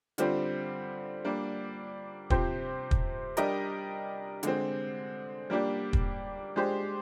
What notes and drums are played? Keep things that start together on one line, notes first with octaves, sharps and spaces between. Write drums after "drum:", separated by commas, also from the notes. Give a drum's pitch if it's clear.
D3 G3 C4 F4, drum: hi-hat
G3 A#3 D4
C3 F3 C4 G4 C5, drum: kick
drum: kick
G3 D4 G4 A#4 D#5, drum: hi-hat
D3 G#3 C4, drum: hi-hat
G3 A#3 D4 G4
drum: kick
G#3 D4 G4 C5